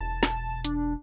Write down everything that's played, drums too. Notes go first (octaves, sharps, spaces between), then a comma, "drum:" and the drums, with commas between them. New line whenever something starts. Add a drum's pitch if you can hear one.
E1 A5
drum: snare
D4, drum: hi-hat